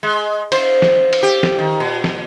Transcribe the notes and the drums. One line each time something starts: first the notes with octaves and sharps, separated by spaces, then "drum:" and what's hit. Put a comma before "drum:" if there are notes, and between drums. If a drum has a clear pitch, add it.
G#3
C5, drum: cymbal
drum: snare
drum: cymbal
G4
drum: snare
D#3
A#2
drum: snare